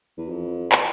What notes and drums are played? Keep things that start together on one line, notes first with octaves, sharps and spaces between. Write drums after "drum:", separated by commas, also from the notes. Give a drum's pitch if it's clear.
E2
F2
drum: clap